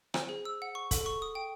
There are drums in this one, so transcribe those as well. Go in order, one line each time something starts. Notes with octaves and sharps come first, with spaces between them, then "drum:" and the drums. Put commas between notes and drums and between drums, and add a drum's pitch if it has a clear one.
C5, drum: rim click
G#4
E6
F#5
C#6
A4, drum: kick, hi-hat
C#6
D#6
G5